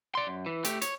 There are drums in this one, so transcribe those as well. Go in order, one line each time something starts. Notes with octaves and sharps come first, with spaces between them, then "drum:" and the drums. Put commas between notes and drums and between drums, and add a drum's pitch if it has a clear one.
D5 C6
F#2
E3
A3 G4, drum: hi-hat
C#5, drum: hi-hat